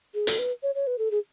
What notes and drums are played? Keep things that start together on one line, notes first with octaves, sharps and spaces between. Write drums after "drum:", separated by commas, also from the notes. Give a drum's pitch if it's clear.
G#4
A4, drum: hi-hat
B4
C#5
C#5
B4
A4
G#4